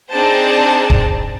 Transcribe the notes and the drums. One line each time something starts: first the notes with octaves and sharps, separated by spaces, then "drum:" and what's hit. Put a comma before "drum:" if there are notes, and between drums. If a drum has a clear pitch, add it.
C4 D4 D#4 G#4 C5 A5
drum: kick